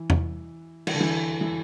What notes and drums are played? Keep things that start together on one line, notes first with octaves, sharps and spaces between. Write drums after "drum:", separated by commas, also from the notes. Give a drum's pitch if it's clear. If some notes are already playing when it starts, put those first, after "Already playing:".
Already playing: E3
drum: tom E2
E3, drum: cymbal
D3
E3
E3